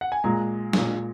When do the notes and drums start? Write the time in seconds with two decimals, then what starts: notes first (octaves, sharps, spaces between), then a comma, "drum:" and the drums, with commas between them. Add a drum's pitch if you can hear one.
0.01 F#5
0.12 G#5
0.24 A#2 G#3 A#5
0.73 A#2 G#3, drum: snare